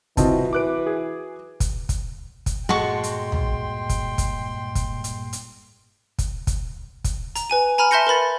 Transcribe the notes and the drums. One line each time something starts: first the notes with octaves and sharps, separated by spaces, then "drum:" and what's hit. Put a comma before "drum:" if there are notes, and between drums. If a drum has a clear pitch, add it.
C2 E3 C4 F4 F#4 D#5 A5, drum: kick, hi-hat
F#4 B4 D6 F#6 D7
G#4
drum: kick, hi-hat
drum: kick, hi-hat
drum: kick, hi-hat
G2 A#2 G#3 F#4 G5 A5 C6 C#6
drum: hi-hat
drum: tom
drum: kick, hi-hat
drum: kick, hi-hat
drum: kick, hi-hat
drum: hi-hat
drum: hi-hat
drum: kick, hi-hat
drum: kick, hi-hat
drum: kick, hi-hat
A#5, drum: hi-hat
B4 G#5 D#7
G#5 A#5 B5 F6 D#7
E5 A5 C6 G6 A#6 C#7
A#4 B4 B5 A6